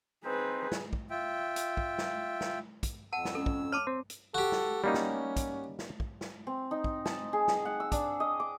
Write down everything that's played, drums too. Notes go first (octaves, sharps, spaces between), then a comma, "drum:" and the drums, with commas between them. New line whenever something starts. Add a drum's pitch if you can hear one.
C4 D#4 G#4 B4 C5
drum: snare
drum: kick
F4 E5 G5
drum: hi-hat
drum: kick
drum: snare
drum: snare
drum: kick, hi-hat
F2 F#5 A5 E6
drum: snare
C#4 A4
drum: kick
C#5 A5 D6 F6
C4
drum: hi-hat
F#4 G4 A4
drum: snare
G3 A#3 C#4 D#4
drum: snare
drum: kick, hi-hat
drum: snare
drum: kick
drum: snare
C4
D#4
drum: kick
A5, drum: snare
G#4
drum: snare
F#5
E6
D4, drum: kick, hi-hat
D#5
D6